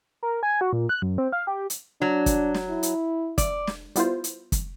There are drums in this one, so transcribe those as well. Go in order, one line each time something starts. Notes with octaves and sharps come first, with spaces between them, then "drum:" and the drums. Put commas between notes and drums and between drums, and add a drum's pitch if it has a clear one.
A#4
G#5
F#4
A#2
F#6
F#2
C4
F5
G4
drum: hi-hat
F#3 D4
drum: kick, hi-hat
drum: snare
E4
drum: hi-hat
D5, drum: kick, hi-hat
drum: snare
G3 B3 E4 F4 C5, drum: hi-hat
drum: hi-hat
drum: kick, hi-hat